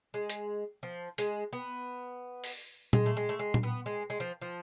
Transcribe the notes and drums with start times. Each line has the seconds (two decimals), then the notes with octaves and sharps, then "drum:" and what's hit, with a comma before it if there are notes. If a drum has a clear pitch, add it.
0.14 G#3
0.29 drum: hi-hat
0.83 F3
1.18 G#3, drum: hi-hat
1.53 B3
2.44 drum: open hi-hat
2.93 G#3, drum: tom A#2
3.06 A3
3.17 G#3
3.29 A3
3.39 G#3
3.54 drum: tom A#2
3.63 B3
3.86 G#3
4.10 G#3
4.20 F3
4.41 F3